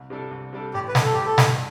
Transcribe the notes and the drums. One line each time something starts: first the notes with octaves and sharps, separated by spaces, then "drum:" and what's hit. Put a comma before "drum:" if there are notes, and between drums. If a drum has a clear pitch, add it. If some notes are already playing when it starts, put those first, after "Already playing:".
Already playing: C2
C3 G3 D4 A4
C2
C3 G3 D4 A4
A1 G4
B4
G2 D3, drum: snare
A4
A1 G4
A4
G2 D3, drum: snare